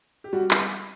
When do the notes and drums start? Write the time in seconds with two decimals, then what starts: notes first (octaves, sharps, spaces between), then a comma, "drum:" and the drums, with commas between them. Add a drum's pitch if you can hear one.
0.24 G4
0.33 G3 F#4
0.51 drum: clap